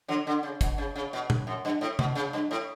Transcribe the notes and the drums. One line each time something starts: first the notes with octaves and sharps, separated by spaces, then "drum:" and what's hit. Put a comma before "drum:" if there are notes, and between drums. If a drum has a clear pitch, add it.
D3 F#3
D3
C#3
B2, drum: kick, hi-hat
C#3
C#3
B2
drum: tom
F#2
G2
A2
B2, drum: tom
C#3
G2
A2